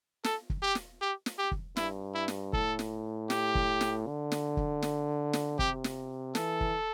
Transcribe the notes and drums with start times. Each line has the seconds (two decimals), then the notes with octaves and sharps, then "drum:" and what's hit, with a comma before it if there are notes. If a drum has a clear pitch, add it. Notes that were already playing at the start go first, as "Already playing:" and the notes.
0.24 A4, drum: snare
0.50 drum: kick
0.62 G4
0.75 drum: snare
1.01 G4
1.26 drum: snare
1.39 G4
1.52 drum: kick
1.77 G2 E4, drum: snare
2.15 E4
2.28 drum: snare
2.53 A2 A4, drum: kick
2.79 drum: snare
3.30 G4, drum: snare
3.55 drum: kick
3.81 drum: snare
4.07 D3
4.32 drum: snare
4.57 drum: kick
4.82 drum: snare
5.33 drum: snare
5.59 C3 G4, drum: kick
5.84 drum: snare
6.35 E3 A4, drum: snare
6.61 drum: kick